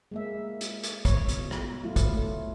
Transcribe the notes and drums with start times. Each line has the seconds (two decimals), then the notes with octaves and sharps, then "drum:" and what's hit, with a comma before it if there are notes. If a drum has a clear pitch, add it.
0.12 G#3 A#3 E5
0.61 drum: hi-hat
0.83 drum: hi-hat
1.05 C#5, drum: kick, hi-hat
1.29 B2, drum: hi-hat
1.51 drum: rim click
1.83 F#3 A3 E4 F4
1.96 drum: kick, hi-hat
2.13 A3